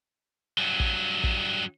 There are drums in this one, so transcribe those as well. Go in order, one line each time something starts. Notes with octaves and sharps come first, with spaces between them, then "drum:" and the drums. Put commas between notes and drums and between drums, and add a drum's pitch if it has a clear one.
G2 F#3
drum: kick
drum: kick